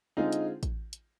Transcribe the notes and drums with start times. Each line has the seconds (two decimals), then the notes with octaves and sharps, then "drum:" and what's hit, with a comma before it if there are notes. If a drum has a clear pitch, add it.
0.17 D3 G#3 C4 D#4 F4 G#4
0.33 drum: hi-hat
0.63 drum: kick A1, hi-hat
0.93 drum: hi-hat